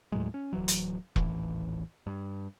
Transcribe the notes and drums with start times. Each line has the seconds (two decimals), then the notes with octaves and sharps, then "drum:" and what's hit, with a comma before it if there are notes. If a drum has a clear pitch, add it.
0.12 D#2 A2 F#3 G#3
0.34 C#4
0.53 D1 E3 F#3
0.68 drum: hi-hat
1.16 D#1 A1 E3, drum: kick E1
2.07 G2